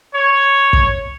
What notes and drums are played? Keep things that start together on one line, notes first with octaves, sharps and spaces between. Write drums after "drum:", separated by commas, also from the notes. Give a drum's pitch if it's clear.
C#5
drum: kick